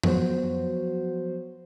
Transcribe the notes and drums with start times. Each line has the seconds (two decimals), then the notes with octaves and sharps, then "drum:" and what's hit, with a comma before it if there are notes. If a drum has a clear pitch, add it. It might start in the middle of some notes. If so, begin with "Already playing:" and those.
0.03 F3 F#3 B3 F#4 C5, drum: tom F2